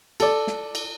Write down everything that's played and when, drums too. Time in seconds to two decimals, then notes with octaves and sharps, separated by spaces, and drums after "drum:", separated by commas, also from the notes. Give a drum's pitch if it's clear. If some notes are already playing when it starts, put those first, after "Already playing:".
0.20 A4 D5, drum: cymbal
0.47 drum: snare
0.75 drum: cymbal